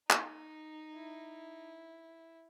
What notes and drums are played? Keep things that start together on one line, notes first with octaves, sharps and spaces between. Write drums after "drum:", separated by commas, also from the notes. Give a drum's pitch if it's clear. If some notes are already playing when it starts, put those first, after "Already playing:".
D#4, drum: clap
E4